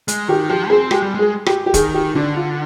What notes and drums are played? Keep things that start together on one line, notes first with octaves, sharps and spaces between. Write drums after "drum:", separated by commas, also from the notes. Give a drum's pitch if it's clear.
G#3, drum: hi-hat
D#3 G4
F3 G4
C4 G#4
G#3 G4, drum: rim click
G3
G#3 G#4
G4, drum: rim click
G4
D#3 G#4, drum: kick, hi-hat
G4
D3 D4
F4